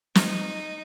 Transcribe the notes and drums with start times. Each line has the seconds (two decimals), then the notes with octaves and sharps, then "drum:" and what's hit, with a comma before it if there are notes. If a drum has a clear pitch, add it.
0.15 D#4, drum: snare